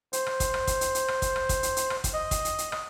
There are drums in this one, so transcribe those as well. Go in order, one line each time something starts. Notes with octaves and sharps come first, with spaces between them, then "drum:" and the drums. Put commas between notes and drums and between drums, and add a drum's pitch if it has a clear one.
C5, drum: hi-hat
drum: rim click
drum: kick, hi-hat
drum: rim click
drum: kick, hi-hat
drum: hi-hat
drum: hi-hat
drum: rim click
drum: kick, hi-hat
drum: rim click
drum: kick, hi-hat
drum: hi-hat
drum: hi-hat
drum: rim click
drum: kick, hi-hat
D#5
drum: kick, hi-hat
drum: hi-hat
drum: hi-hat
drum: rim click